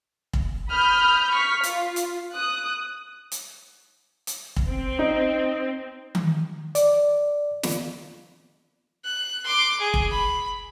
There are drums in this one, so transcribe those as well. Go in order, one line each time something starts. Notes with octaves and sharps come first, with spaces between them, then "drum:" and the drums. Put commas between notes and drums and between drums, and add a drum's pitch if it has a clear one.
drum: kick
B5 D#6 F6 G6
C#6 F6 B6
F4, drum: hi-hat
drum: hi-hat
D#6 F#6
drum: hi-hat
drum: hi-hat
drum: kick
C4
D#4
drum: tom D#3
D5, drum: hi-hat
drum: snare
F#6
C6 D6
G#4
drum: kick
B5